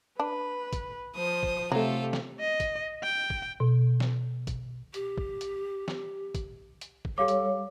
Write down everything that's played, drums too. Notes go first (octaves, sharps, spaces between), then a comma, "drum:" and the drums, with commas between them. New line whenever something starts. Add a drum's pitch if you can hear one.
D4 B4
drum: kick, hi-hat
F3 C5 D#6
drum: kick
C3 F#3 A3 F4 G4 A4
drum: snare
D#5
drum: kick, hi-hat
G5
drum: kick
B2
drum: snare
drum: kick, hi-hat
G4, drum: hi-hat
drum: kick
drum: hi-hat
drum: snare
drum: kick, hi-hat
drum: hi-hat
drum: kick
G3 G4 A4 C#5 F5 D6
drum: hi-hat